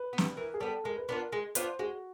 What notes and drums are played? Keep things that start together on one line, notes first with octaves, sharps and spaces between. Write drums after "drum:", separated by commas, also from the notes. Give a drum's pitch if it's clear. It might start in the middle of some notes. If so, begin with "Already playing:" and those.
Already playing: B4
B3
G3, drum: snare
E3 A#4
G#4
G3 B3 A4
G#3 A#4
B4
B3 D4 F4 A#4
G#3
B3 D4 F4 C5, drum: hi-hat
G#3 F#4